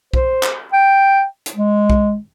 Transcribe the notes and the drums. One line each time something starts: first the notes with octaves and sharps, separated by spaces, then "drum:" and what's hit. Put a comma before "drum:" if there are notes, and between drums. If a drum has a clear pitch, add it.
C5, drum: kick B1
drum: clap
G5
drum: hi-hat
G#3
drum: kick B1